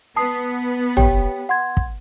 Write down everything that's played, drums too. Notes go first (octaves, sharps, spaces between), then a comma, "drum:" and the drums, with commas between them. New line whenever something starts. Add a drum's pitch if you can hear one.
B3 A5 D#6 C7
G4 C#5 G5, drum: tom
F#5 C6 G#6
drum: kick